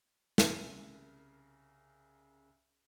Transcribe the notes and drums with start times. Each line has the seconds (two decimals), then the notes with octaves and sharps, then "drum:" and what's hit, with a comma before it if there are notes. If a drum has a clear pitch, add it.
0.38 C2 C#3 A#4, drum: snare